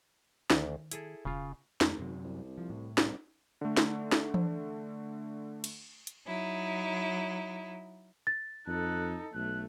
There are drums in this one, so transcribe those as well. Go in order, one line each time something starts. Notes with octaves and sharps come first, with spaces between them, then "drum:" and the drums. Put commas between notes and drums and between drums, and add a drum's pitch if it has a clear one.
D2 D#3, drum: snare
E4 G#4 A4, drum: hi-hat
E1 C#3 F4
G#1 F2 A3, drum: snare
F#2 C3 F#3
C2
F3
A2
C2, drum: snare
D3 A3
drum: snare
drum: snare
drum: tom E3
drum: cymbal
drum: hi-hat
F#3 D#4 E4
A6
F2 D#4 A4 F#6
B1 A3 F#6